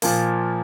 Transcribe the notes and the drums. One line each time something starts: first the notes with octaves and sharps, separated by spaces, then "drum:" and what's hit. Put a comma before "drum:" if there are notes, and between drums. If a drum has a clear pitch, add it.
A#2 F3 A#3, drum: open hi-hat